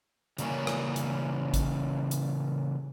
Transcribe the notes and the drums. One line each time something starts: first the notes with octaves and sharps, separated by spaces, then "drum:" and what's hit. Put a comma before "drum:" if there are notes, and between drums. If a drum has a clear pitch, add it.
C#3 E3 G3 A#3 C#4 G#5, drum: hi-hat
drum: rim click
drum: hi-hat
drum: kick, hi-hat
drum: hi-hat